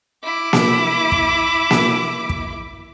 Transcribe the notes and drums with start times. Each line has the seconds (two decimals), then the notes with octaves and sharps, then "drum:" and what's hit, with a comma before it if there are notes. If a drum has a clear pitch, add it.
0.23 E4 D6
0.53 drum: snare A#3
1.12 drum: kick
1.71 drum: snare A#3
2.29 drum: kick